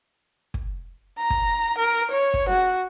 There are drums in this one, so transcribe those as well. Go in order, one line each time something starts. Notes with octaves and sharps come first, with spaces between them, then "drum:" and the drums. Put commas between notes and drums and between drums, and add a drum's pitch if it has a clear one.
drum: kick
A#5
drum: kick
A#4
C#5
drum: kick
F#4, drum: snare